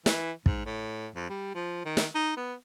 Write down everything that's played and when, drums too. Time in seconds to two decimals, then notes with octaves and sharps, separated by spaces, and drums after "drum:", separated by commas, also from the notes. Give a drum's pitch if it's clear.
0.06 E3, drum: snare
0.46 G#2, drum: kick
0.66 A2
1.15 F2
1.29 G3
1.55 F3
1.85 D#3
1.97 drum: snare
2.15 D#4
2.37 B3